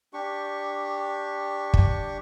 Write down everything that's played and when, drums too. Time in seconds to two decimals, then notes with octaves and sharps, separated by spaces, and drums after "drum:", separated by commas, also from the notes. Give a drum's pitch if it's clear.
0.13 D4 G4 C#6
1.74 drum: kick